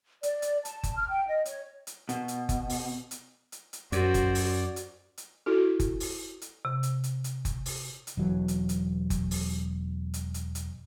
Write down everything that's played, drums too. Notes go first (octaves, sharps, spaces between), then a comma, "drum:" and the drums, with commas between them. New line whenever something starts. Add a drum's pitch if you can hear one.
D5, drum: hi-hat
drum: hi-hat
A5, drum: hi-hat
drum: kick F#1, hi-hat
F6
G5
D#5
C#5, drum: hi-hat
drum: hi-hat
B2, drum: hi-hat
drum: hi-hat
drum: kick F#1, hi-hat
drum: open hi-hat
drum: hi-hat
drum: hi-hat
drum: hi-hat
F#2 F#4 C5 D5, drum: hi-hat
drum: kick F#1, hi-hat
drum: open hi-hat
drum: hi-hat
drum: hi-hat
E4 F#4 A4
drum: kick F#1, hi-hat
drum: open hi-hat
drum: hi-hat
C3
drum: hi-hat
drum: hi-hat
drum: hi-hat
drum: kick F#1, hi-hat
drum: open hi-hat
drum: hi-hat
E1 E3 F#3
drum: hi-hat
drum: hi-hat
drum: kick F#1, hi-hat
drum: open hi-hat
drum: hi-hat
drum: hi-hat
drum: hi-hat